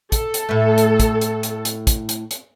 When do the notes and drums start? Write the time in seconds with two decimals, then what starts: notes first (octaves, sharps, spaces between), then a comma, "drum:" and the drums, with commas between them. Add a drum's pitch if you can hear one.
0.12 A4, drum: kick, hi-hat
0.34 drum: hi-hat
0.49 A2 A3
0.78 drum: hi-hat
1.00 drum: kick, hi-hat
1.21 drum: hi-hat
1.43 drum: hi-hat
1.65 drum: hi-hat
1.87 drum: kick, hi-hat
2.09 drum: hi-hat
2.31 drum: hi-hat